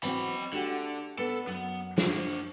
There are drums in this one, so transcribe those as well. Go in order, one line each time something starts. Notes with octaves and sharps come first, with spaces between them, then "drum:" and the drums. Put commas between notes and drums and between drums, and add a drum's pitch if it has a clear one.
E3 F#3 C4 F#4 B5, drum: hi-hat
D3 A3 F#4 G4
B3 D4 A4 B4
F#2 B3
D4 C5, drum: snare